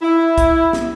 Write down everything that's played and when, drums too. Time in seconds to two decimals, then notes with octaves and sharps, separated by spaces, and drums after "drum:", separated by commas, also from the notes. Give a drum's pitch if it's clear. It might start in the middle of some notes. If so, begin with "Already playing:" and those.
0.02 E4
0.38 drum: kick, hi-hat
0.73 drum: snare